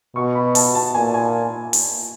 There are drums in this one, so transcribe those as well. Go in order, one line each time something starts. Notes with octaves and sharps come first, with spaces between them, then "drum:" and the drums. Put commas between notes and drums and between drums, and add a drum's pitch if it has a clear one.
B2 C#6
B5
A5, drum: open hi-hat
A5
A#2 G#5
G#5
drum: open hi-hat